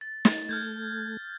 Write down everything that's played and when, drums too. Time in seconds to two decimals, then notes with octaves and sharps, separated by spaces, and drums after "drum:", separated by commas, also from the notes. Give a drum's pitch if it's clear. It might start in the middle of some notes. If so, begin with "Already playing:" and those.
0.01 A6
0.25 A6, drum: snare
0.49 A3 F6 G6 G#6